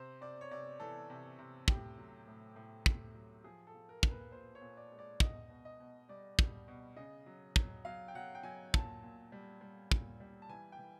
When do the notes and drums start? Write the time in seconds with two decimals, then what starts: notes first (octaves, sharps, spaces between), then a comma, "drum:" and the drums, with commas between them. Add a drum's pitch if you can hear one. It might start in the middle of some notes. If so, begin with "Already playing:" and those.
Already playing: C3 C5
0.21 C3 D5
0.41 C#5
0.51 C3 D5
0.80 E3 A4
1.10 C3
1.39 C3
1.68 A2 G4, drum: kick
1.98 F#3
2.28 A2
2.56 A2
2.86 A2, drum: kick
3.15 F#3
3.44 F3 G#4
3.67 A4
3.75 F3
3.89 A#4
4.03 A#2, drum: kick
4.11 B4
4.32 A#2 C5
4.55 C#5
4.61 A#2
4.77 D5
4.92 G#3
4.99 D5
5.20 B2 D#5, drum: kick
5.50 B2
5.65 D#5
5.80 B2
6.09 G3 D5
6.39 G3, drum: kick
6.68 B2
6.96 C#3 D#5
7.26 F#3
7.56 F#3, drum: kick
7.85 F#3 F5
8.08 G5
8.15 F#3 F#5
8.35 G5
8.43 F#3 G#5
8.74 A#2 A5, drum: kick
9.03 A#2
9.32 G3
9.61 G3
9.91 A#2, drum: kick
10.20 G3
10.42 A5
10.49 E3 G#5
10.72 G5
10.78 E3